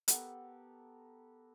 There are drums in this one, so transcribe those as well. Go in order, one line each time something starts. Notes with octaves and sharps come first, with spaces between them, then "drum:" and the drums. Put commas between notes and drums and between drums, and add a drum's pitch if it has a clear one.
B3 G4 A4 A#4, drum: hi-hat